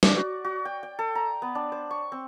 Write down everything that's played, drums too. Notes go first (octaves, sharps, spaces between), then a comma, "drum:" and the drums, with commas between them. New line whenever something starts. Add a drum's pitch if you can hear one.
D5, drum: snare
F#4
F#4
G5
G5
A4
A#5
B3
D4
C5
C#6
C4